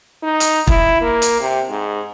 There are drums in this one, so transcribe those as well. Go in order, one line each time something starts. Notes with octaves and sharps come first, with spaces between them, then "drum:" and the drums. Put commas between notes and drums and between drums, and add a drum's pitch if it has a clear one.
D#4
drum: hi-hat
E4, drum: kick
A#3
drum: hi-hat
C3
G#2